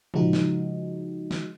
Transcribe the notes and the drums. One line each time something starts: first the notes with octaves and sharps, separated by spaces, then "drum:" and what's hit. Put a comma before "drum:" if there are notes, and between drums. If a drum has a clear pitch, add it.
C#3 F3 G#3 D#4 F#4 G#4, drum: tom
drum: snare
drum: snare